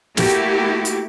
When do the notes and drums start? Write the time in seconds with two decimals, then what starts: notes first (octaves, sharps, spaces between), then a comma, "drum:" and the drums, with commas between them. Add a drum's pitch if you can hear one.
0.17 A3 A#3 E4 F#4 G4, drum: snare
0.85 drum: hi-hat